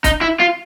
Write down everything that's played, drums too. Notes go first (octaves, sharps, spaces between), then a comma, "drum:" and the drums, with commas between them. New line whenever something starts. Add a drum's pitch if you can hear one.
D#4, drum: kick, hi-hat
E4
F4